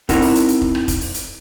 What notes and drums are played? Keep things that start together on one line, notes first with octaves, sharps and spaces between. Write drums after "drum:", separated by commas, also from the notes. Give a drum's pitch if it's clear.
C4 D#4 E4 A#4 F#5, drum: kick F1, hi-hat
drum: open hi-hat
drum: hi-hat
drum: hi-hat
drum: kick F1
drum: rim click
drum: kick F1, hi-hat
drum: open hi-hat
drum: hi-hat